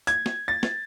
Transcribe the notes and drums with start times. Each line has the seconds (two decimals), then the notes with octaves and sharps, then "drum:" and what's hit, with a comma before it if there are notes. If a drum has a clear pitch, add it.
0.07 G#6, drum: hi-hat
0.26 drum: snare
0.48 A6
0.63 drum: snare